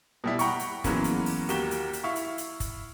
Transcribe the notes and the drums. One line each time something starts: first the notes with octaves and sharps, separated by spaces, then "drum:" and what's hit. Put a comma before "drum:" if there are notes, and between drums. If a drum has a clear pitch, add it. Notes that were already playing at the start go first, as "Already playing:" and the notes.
B2 G3 E4
F#5 G5 A#5 B5 C#6, drum: hi-hat
drum: hi-hat
E3 F#3 G#3 A#3 B3 C#4, drum: kick, hi-hat
drum: hi-hat
drum: open hi-hat
D#2 A#3 F#4 G4 E7 G7, drum: hi-hat
drum: hi-hat
drum: hi-hat
E4 F5 C#6
drum: hi-hat
drum: hi-hat
drum: kick, hi-hat